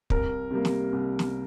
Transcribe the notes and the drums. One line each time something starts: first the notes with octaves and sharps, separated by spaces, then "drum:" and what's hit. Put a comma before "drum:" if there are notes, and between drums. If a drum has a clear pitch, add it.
C2 A#4, drum: kick
C3 G3 A#3
drum: snare
C2
drum: snare